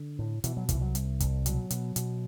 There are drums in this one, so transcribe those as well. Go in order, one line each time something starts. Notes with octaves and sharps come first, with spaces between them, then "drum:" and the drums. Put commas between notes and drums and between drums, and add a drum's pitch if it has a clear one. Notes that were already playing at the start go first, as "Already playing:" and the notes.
Already playing: D3
A2
B2 E3, drum: hi-hat
F#3
C2 E3, drum: kick, hi-hat
F#3
C2, drum: hi-hat
C2, drum: kick, hi-hat
B2 F#3, drum: hi-hat
B2, drum: hi-hat
B2, drum: hi-hat